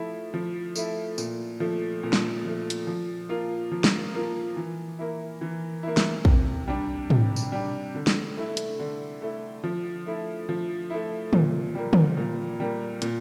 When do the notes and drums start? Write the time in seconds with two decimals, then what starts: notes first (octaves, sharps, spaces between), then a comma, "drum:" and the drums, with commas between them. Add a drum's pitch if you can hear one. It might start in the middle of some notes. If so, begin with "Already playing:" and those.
Already playing: F3 A3 E4
0.34 F3
0.75 A3 E4, drum: tambourine
1.18 A#2, drum: tambourine
1.60 F3 A3
2.03 A#2
2.13 drum: snare
2.44 F3 A3
2.70 drum: hi-hat
2.87 F3
3.29 A#3 F4
3.72 F3
3.84 drum: snare
4.14 A#3 F4
4.56 E3
4.99 A#3 E4
5.41 E3
5.83 A#3 E4
5.97 drum: snare
6.25 C3, drum: kick
6.68 G3 D4
7.10 C3, drum: tom
7.36 drum: tambourine
7.52 G3 D4
7.95 D3
8.07 drum: snare
8.37 A3 E4
8.57 drum: hi-hat
8.79 D3
9.22 A3 E4
9.64 F3
10.06 A3 E4
10.49 F3
10.90 A3 E4
11.33 A#2, drum: tom
11.75 G3 A#3
11.93 drum: tom
12.17 A#2
12.60 G3 A#3
13.02 A#2, drum: hi-hat